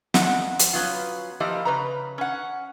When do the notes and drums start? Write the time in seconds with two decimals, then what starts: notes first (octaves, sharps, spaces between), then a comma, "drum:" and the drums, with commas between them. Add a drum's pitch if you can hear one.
0.14 F2 F#5, drum: snare
0.59 drum: hi-hat
0.73 F#3 B3 C#4 F4
1.40 F3 A#3 E4 G4 D#5 F5
1.65 C#3 B4 A#5
2.18 C#4 F#5